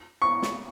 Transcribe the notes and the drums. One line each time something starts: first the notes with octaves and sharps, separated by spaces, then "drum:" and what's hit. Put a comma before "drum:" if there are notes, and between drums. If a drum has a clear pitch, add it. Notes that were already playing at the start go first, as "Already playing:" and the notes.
C#6
drum: snare